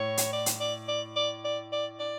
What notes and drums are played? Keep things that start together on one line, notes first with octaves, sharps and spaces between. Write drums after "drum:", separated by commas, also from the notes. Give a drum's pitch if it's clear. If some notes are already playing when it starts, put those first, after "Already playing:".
Already playing: A2 C#5
drum: hi-hat
D5
drum: hi-hat
D5
D5
D5
D5
D5
D5